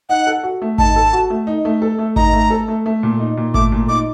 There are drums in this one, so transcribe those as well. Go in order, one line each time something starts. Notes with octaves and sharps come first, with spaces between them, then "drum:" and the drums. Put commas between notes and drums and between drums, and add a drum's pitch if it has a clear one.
D#4 F#5
A4
F#4
A3
D#4 A5, drum: kick G#1
A4
F#4
A3
D#4
A3
A4
A3
D#4 A#5, drum: kick G#1
A3
A4
A3
A3
A#2
D#4
A#2
A3 D6, drum: kick G#1
A#2
D#4 D6